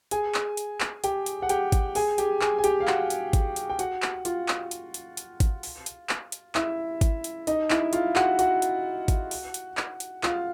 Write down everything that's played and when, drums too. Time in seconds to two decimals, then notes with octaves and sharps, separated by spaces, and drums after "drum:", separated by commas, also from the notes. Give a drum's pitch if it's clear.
0.11 G#4 G#5, drum: hi-hat
0.34 drum: clap
0.57 drum: hi-hat
0.80 drum: clap
1.04 G4 G5, drum: hi-hat
1.26 drum: hi-hat
1.42 F#5
1.49 G4 G5, drum: hi-hat
1.72 drum: kick G#1, hi-hat
1.95 G#4 G#5, drum: open hi-hat
2.18 G4 G5, drum: hi-hat
2.41 G#4 G#5, drum: clap
2.59 G#5
2.64 G4 G5, drum: hi-hat
2.80 F5
2.87 F#4 F#5, drum: clap
3.10 drum: hi-hat
3.33 drum: kick G#1, hi-hat
3.56 drum: hi-hat
3.70 G5
3.79 F#4 F#5, drum: hi-hat
4.02 drum: clap
4.25 F4 F5, drum: hi-hat
4.48 drum: clap
4.71 drum: hi-hat
4.94 drum: hi-hat
5.17 drum: hi-hat
5.40 drum: kick G#1, hi-hat
5.63 drum: open hi-hat
5.86 drum: hi-hat
6.09 drum: clap
6.32 drum: hi-hat
6.55 E4 E5, drum: clap
7.01 drum: kick G#1, hi-hat
7.24 drum: hi-hat
7.47 D#4 D#5, drum: hi-hat
7.70 E4 E5, drum: clap
7.93 F4 F5, drum: hi-hat
8.16 F#4 F#5, drum: clap
8.39 F#4 F#5, drum: hi-hat
8.62 drum: hi-hat
9.08 drum: kick G#1, hi-hat
9.31 drum: open hi-hat
9.54 drum: hi-hat
9.77 drum: clap
10.00 drum: hi-hat
10.23 F4 F5, drum: clap